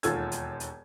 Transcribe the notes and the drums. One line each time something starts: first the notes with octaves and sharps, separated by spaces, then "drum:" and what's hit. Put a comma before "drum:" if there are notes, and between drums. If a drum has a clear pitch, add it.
E1 D#2 F4 A4 E6 G#6, drum: hi-hat
drum: hi-hat
drum: hi-hat